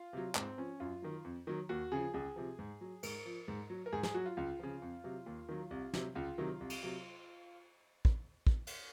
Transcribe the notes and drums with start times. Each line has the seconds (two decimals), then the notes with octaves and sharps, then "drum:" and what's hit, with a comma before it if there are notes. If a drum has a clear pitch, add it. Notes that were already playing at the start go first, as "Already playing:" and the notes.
Already playing: F4
0.13 C3 F#3
0.35 G#2 C4, drum: clap
0.58 F3 C#4
0.80 F#2 F4
1.02 D#3 F#3
1.24 F2
1.47 D#3 F#3
1.69 D#2 F#4
1.92 C#3 F3 G#4
2.14 C#2 G#4
2.36 C3 F3
2.59 G#2
2.81 F#3
3.03 G#2 A#4, drum: cymbal
3.25 F3
3.48 G#2
3.70 F#3
3.86 A#4
3.93 G#2 G#4
4.03 G#4, drum: snare
4.14 F#3 F#4
4.26 F4
4.37 C#2 F4
4.59 C#3 F3
4.82 F2
5.04 C3 F#3
5.26 D#2
5.49 D#3 F#3
5.71 C2
5.94 C3 F#3, drum: snare
6.15 C#2 F4
6.38 C3 D#3 F#3
6.60 C2
6.70 drum: cymbal
6.83 C3 F#3
8.05 drum: kick
8.47 drum: kick
8.67 drum: cymbal